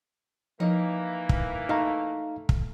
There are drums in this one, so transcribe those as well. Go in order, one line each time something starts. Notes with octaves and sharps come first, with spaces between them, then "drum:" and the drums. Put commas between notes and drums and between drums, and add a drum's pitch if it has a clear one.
E3 F3 A#3 D#4
drum: kick
A3 D#4 F5 A#5
drum: kick